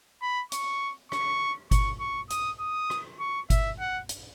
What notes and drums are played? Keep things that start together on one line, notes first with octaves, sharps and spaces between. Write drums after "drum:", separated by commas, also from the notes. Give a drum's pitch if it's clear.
B5
C#6, drum: hi-hat
C#6, drum: rim click
C#6, drum: kick G1, hi-hat
C#6
D#6, drum: hi-hat
D#6
drum: rim click
C#6
E5, drum: kick G1, hi-hat
F#5
drum: hi-hat